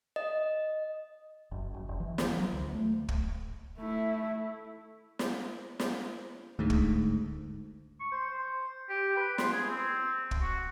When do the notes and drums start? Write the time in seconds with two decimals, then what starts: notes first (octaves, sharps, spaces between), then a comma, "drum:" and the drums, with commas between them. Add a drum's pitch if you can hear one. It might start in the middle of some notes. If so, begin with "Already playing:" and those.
0.16 D#5
1.51 F#1
1.74 F#1
1.88 F1
2.00 E3
2.18 E3, drum: snare
2.37 F#3
2.53 D2
2.75 A3
3.09 drum: kick
3.79 A3 E4
5.19 drum: snare
5.80 drum: snare
6.59 D2 G#2
6.70 drum: kick
8.00 C#6
8.12 C5
8.30 C5
8.89 G4
9.17 B4
9.38 C6, drum: snare
9.52 G#4
9.69 C4
10.31 drum: kick
10.41 F#4